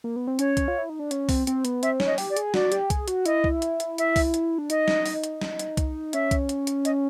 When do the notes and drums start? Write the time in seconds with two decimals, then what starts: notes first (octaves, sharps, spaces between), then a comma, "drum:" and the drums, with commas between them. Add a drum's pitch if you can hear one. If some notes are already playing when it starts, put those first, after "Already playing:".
0.04 A#3
0.16 B3
0.27 C4
0.39 C#4 C#5, drum: hi-hat
0.57 drum: kick, hi-hat
0.68 F4
0.78 E4
0.90 D#4
0.99 D4
1.11 C#4, drum: hi-hat
1.29 C4, drum: kick, open hi-hat
1.47 C4, drum: hi-hat
1.65 B3, drum: hi-hat
1.83 C4 E5, drum: hi-hat
2.00 C#4, drum: snare
2.06 D#5
2.18 G4, drum: open hi-hat
2.30 D5
2.37 G#4, drum: hi-hat
2.54 F#4 D5, drum: snare
2.72 G4, drum: hi-hat
2.90 G#4, drum: kick, hi-hat
3.08 F#4, drum: hi-hat
3.26 E4 D#5, drum: hi-hat
3.44 drum: kick
3.62 drum: hi-hat
3.80 drum: hi-hat
3.98 E5, drum: hi-hat
4.16 drum: kick, open hi-hat
4.34 drum: hi-hat
4.58 D4
4.70 D#4 D#5, drum: hi-hat
4.88 drum: snare
5.06 drum: open hi-hat
5.24 drum: hi-hat
5.41 drum: snare
5.59 drum: hi-hat
5.77 drum: kick, hi-hat
6.13 C#4 E5, drum: hi-hat
6.31 drum: kick, hi-hat
6.49 drum: hi-hat
6.67 drum: hi-hat
6.85 D#5, drum: hi-hat